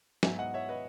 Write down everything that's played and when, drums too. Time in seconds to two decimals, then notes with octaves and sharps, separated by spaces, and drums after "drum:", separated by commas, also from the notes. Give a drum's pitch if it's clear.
0.23 G#2 F#3 B3 E5 G#5, drum: snare
0.38 D#5 F#5
0.54 C#5 E5
0.69 B4 D#5